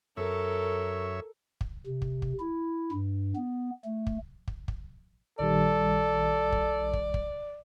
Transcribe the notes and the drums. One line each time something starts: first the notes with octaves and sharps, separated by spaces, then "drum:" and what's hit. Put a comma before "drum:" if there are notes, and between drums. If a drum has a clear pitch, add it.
F#2 A4 A#4 C#5 E5
drum: kick
C3
drum: kick
drum: kick
E4
G2
B3
A3
drum: kick
drum: kick
drum: kick
A#1 D#3 G3 A4 D5
drum: kick
drum: kick
drum: kick